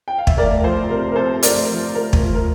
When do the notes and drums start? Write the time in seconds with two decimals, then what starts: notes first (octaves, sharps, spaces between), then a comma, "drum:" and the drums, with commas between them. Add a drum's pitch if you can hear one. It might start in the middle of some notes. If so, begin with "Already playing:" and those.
0.08 G5
0.18 F5
0.27 E5, drum: kick
0.37 A3 A#4 D5
0.64 F3 A4 C5
0.90 C3 A#4
1.12 A#4
1.16 C4 A4 C5
1.43 A3 A#4 D5, drum: hi-hat
1.69 F3
1.95 A3 A#4
2.13 drum: kick
2.22 F3
2.35 A#4